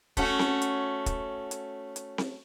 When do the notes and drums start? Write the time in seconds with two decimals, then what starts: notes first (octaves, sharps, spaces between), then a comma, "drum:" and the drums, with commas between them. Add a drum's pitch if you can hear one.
0.17 A3 C#4 F#4, drum: kick, hi-hat
0.39 drum: snare C4
0.62 drum: hi-hat
1.06 drum: kick, hi-hat
1.51 drum: hi-hat
1.96 drum: hi-hat
2.18 drum: snare C4